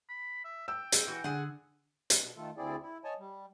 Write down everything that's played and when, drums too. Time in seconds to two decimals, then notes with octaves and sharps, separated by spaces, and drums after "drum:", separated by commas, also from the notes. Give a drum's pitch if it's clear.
0.09 B5
0.45 E5
0.68 G5 E6
0.92 G#3, drum: hi-hat
1.07 E3 F#4
1.24 D3 G#4 F#5
2.10 drum: hi-hat
2.21 B2
2.36 D#3 A3 F4 A4
2.58 D2 C4 E4 G#4 D5
2.82 E4
3.04 C#5 D#5 G#5 A5
3.19 G3